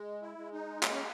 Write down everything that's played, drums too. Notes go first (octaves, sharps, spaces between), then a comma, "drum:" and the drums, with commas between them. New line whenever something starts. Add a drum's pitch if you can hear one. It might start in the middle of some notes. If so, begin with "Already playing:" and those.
Already playing: G#3
E4
G#3
D#4
A#3 C#4, drum: clap